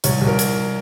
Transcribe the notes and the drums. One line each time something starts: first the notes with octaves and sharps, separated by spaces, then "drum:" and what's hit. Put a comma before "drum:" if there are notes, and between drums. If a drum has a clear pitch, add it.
C2 C#5, drum: hi-hat
C2
A#4
drum: hi-hat